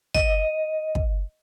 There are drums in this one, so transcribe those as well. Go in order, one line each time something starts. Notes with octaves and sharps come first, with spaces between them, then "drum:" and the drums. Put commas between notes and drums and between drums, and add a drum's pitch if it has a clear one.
D#5, drum: kick
drum: kick